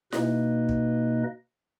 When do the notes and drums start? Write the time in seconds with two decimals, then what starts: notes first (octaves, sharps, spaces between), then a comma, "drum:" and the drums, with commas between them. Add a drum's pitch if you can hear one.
0.12 B2 A#3 D#4 B4 D#5, drum: snare E4
0.69 drum: kick